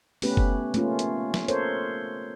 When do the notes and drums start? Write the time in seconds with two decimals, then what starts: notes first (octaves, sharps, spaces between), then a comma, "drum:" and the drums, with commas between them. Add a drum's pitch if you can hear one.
0.22 A3 B3 C#4 G4 B4, drum: open hi-hat
0.37 drum: kick F#1
0.74 A3 A#3 C#4 F4, drum: hi-hat
0.99 drum: hi-hat
1.34 drum: snare
1.48 A4 A#4 C5 C#5, drum: hi-hat